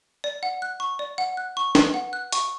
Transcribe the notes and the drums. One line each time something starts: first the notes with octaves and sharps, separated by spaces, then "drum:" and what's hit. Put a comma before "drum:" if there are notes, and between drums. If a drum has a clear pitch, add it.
D5
F#5
F#6
C#6
D5
F#5
F#6
C#6
B4, drum: snare
F#5
F#6
C#6, drum: hi-hat